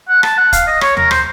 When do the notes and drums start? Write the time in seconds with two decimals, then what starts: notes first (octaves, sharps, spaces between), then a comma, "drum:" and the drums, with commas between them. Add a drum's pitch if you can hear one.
0.09 F#5
0.23 A5, drum: rim click
0.37 F#5
0.53 F5, drum: kick, hi-hat
0.67 D#5
0.81 C#5, drum: rim click
0.97 A#4, drum: tom D#2
1.11 C5, drum: rim click